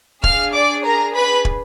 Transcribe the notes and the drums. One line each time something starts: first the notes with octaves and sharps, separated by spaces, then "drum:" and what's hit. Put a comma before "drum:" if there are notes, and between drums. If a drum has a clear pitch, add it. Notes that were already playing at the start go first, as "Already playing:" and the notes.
D4 G#4 F5 F6, drum: kick
D5 D6
A#4 A#5
B4 B5
drum: kick